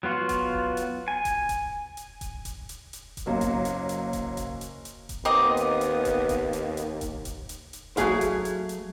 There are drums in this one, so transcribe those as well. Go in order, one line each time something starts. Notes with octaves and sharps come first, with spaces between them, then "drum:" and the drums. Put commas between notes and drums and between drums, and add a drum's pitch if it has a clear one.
F#3 B3 F4 F#4
drum: kick E1, hi-hat
drum: kick E1
drum: hi-hat
G#5
drum: kick E1, hi-hat
drum: kick E1, hi-hat
drum: hi-hat
drum: kick E1, hi-hat
drum: kick E1, hi-hat
drum: hi-hat
drum: hi-hat
drum: kick E1, hi-hat
F#1 F#3 A#3
drum: kick E1, hi-hat
drum: hi-hat
drum: hi-hat
drum: kick E1, hi-hat
drum: kick E1, hi-hat
drum: hi-hat
drum: hi-hat
drum: kick E1, hi-hat
D#2 B3 C4 A#4 D#5 D6
drum: hi-hat
drum: hi-hat
drum: kick E1, hi-hat
drum: kick E1, hi-hat
drum: hi-hat
drum: hi-hat
drum: kick E1, hi-hat
drum: kick E1, hi-hat
drum: hi-hat
drum: hi-hat
F#3 A3 G#4 F5, drum: kick E1, hi-hat
drum: kick E1, hi-hat
drum: hi-hat
drum: hi-hat